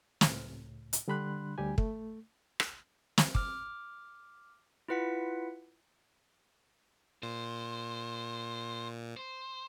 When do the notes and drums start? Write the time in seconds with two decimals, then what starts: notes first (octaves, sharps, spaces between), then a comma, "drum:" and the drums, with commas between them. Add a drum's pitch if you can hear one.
0.21 C#2 A2, drum: snare
0.93 drum: hi-hat
1.08 D3 G3 D4 B5 C6 F#6
1.58 D2 G3 G4 G#5
1.78 A3, drum: kick
2.60 drum: rim click
3.18 drum: snare
3.35 D6 F6, drum: kick
4.88 E4 F4 B4 F#5 B6
7.23 A#2 C5
9.17 C5